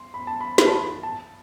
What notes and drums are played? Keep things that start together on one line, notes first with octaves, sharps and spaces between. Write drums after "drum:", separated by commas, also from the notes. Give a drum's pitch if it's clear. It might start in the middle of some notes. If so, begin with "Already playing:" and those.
Already playing: C6
B5
A5
B5
B5, drum: snare
A5
B5
A5